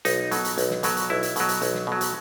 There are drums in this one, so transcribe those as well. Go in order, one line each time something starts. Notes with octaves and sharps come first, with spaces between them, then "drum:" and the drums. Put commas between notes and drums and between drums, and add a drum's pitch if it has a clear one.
B1 D#4, drum: hi-hat
B2 F#3, drum: hi-hat
drum: hi-hat
B1, drum: hi-hat
drum: snare
B2 F#3, drum: hi-hat
drum: hi-hat
B1 E4
drum: hi-hat
B2 F#3, drum: hi-hat
drum: hi-hat
B1, drum: hi-hat
drum: snare
B2 F#3
drum: hi-hat